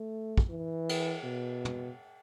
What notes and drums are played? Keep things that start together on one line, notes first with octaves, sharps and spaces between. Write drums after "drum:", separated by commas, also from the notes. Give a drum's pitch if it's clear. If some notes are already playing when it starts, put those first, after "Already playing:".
Already playing: A3
drum: kick
E3
drum: cymbal
B2
drum: tom